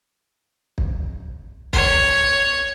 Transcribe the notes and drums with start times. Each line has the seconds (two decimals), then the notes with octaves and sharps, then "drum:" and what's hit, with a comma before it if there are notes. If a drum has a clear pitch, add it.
0.78 drum: kick
1.73 C#5, drum: kick